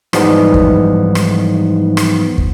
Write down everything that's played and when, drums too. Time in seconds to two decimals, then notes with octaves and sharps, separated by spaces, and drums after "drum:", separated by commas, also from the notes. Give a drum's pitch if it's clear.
0.13 G#2 E3 F3 G3 B3 D#4, drum: rim click
0.54 drum: kick
1.15 drum: rim click
1.97 drum: rim click
2.38 drum: kick